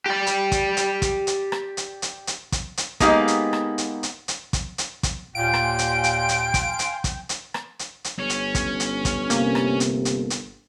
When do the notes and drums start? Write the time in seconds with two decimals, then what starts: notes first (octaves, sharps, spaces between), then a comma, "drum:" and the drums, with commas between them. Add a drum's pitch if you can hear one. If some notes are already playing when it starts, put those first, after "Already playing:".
0.06 G4 D5
0.27 drum: hi-hat
0.52 drum: kick, hi-hat
0.77 drum: hi-hat
1.02 drum: kick, hi-hat
1.27 drum: hi-hat
1.52 drum: rim click
1.77 drum: hi-hat
2.02 drum: hi-hat
2.27 drum: hi-hat
2.52 drum: kick, hi-hat
2.77 drum: hi-hat
3.00 G#3 A#3 B3 D#4 G4 F5, drum: kick, hi-hat
3.28 drum: hi-hat
3.53 drum: rim click
3.78 drum: hi-hat
4.03 drum: hi-hat
4.28 drum: hi-hat
4.53 drum: kick, hi-hat
4.78 drum: hi-hat
5.03 drum: kick, hi-hat
5.35 D#2 A#2 F5 G5 G#5 C6 D7
5.54 drum: rim click
5.79 drum: hi-hat
6.04 drum: hi-hat
6.29 drum: hi-hat
6.54 drum: kick, hi-hat
6.79 drum: hi-hat
7.04 drum: kick, hi-hat
7.29 drum: hi-hat
7.54 drum: rim click
7.79 drum: hi-hat
8.04 drum: hi-hat
8.19 G1 C#4
8.30 drum: hi-hat
8.55 drum: kick, hi-hat
8.80 drum: hi-hat
9.05 drum: kick, hi-hat
9.30 C3 A#3, drum: hi-hat
9.55 drum: rim click
9.80 drum: hi-hat
10.05 drum: hi-hat
10.30 drum: hi-hat